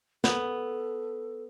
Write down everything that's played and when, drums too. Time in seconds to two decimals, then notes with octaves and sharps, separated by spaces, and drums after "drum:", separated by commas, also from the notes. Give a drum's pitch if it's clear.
0.24 B3 A4, drum: snare